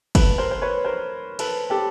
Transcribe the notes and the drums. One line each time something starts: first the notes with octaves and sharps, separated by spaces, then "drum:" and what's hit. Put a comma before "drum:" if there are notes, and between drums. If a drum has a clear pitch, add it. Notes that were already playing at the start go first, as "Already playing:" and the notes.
A4 B4, drum: kick, cymbal
A#4 C5
C5
B4 C#5
A#4 C5
A4 B4, drum: cymbal
G4 A4